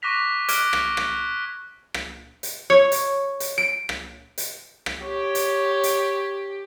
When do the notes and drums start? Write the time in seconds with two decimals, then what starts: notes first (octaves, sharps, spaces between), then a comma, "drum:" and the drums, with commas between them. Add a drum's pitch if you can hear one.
0.02 C#6 D6 F#6 A#6 B6 F7
0.48 D6 F6 F#6 G#6 D7, drum: hi-hat
0.73 drum: rim click
0.97 drum: rim click
1.94 drum: rim click
2.43 drum: hi-hat
2.70 C#5
2.92 drum: hi-hat
3.40 drum: hi-hat
3.58 D7
3.89 drum: rim click
4.38 drum: hi-hat
4.86 drum: rim click
5.02 G4 C#5
5.35 drum: hi-hat
5.83 drum: hi-hat